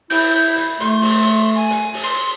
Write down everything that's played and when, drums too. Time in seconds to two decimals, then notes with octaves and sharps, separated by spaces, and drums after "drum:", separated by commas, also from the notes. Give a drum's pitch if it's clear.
0.10 E4 G6, drum: open hi-hat
0.56 drum: hi-hat
0.80 A3 C6, drum: hi-hat
1.02 drum: open hi-hat
1.56 G#5
1.71 drum: hi-hat
1.94 drum: open hi-hat
2.04 C6